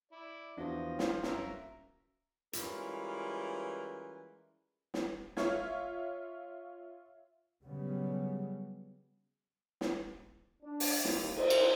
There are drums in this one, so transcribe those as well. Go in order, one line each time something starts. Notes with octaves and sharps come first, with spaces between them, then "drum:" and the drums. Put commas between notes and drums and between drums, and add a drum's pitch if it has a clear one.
E4 D5
E2 F3 D4 F#4 D#5
drum: snare
F#2 F#3 A#4 E5, drum: snare
E3 G3 G#3 C#4 F4 A#4, drum: hi-hat
drum: snare
F4 C#5 E5 F5 G#6, drum: snare
C#3 F#3 G3 B3
drum: snare
D4
drum: open hi-hat
D#2, drum: snare
C5, drum: cymbal
drum: cymbal